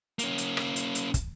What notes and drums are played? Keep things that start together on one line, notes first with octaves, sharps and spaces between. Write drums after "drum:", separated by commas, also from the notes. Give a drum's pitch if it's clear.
A#3 C#4, drum: hi-hat
drum: hi-hat
drum: rim click
drum: hi-hat
drum: hi-hat
drum: kick, hi-hat